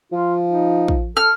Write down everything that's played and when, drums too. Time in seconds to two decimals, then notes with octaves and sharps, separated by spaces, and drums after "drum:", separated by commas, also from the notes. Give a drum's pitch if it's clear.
0.12 F3 F4
0.48 D#4
0.88 drum: kick
1.17 A4 F6